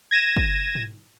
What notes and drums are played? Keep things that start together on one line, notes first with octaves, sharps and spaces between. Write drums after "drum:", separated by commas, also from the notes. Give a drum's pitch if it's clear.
G#6 A#6 D#7 E7
drum: kick
drum: tom G#2